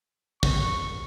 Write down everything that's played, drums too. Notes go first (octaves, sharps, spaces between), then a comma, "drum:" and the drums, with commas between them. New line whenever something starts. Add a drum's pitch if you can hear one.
C#6, drum: kick